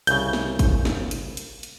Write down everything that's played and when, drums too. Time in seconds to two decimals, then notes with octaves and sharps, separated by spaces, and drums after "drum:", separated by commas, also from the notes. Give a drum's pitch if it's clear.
0.07 C2 C#3 G6, drum: hi-hat
0.33 drum: snare
0.59 drum: kick, hi-hat
0.85 drum: snare
1.11 drum: hi-hat
1.37 drum: hi-hat
1.63 drum: hi-hat